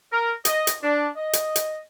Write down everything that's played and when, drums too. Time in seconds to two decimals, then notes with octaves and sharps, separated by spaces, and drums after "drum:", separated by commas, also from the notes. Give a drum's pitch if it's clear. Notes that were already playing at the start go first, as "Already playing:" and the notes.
0.12 A#4
0.45 D#5, drum: hi-hat
0.67 drum: hi-hat
0.83 D4
1.17 D#5
1.33 drum: hi-hat
1.56 drum: hi-hat